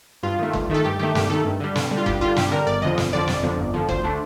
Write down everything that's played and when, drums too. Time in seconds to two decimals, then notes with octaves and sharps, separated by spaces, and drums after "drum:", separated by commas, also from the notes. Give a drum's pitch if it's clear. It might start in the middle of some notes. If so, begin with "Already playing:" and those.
0.23 G2 F4
0.39 D#3 A3
0.53 G2, drum: kick F#1
0.70 D#3 A3 A4
0.84 G2 G4
0.99 D#3 A3 G4
1.15 G2 G4, drum: snare
1.30 D#3 A3 A4
1.45 G2
1.60 D3 G3
1.76 G2, drum: snare
1.91 D3 G3
1.97 F4
2.06 G2 G4, drum: kick F#1
2.21 D3 G3 F4
2.36 G2 G4, drum: snare
2.52 D3 G3 A#4
2.67 G1 D5
2.82 F2 D3 F3 D#5
2.98 G1, drum: snare
3.13 F2 D3 F3 D5
3.28 G1, drum: snare
3.43 F2 D3 F3
3.58 G1
3.74 F2 D3 F3
3.89 D2 C5, drum: kick F#1
4.04 D3 A3 D4